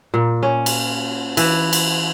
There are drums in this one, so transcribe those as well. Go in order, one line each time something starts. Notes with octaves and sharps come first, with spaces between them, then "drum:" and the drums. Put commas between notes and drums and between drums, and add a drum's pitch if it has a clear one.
A#2
C#4
drum: cymbal
E3, drum: cymbal
drum: cymbal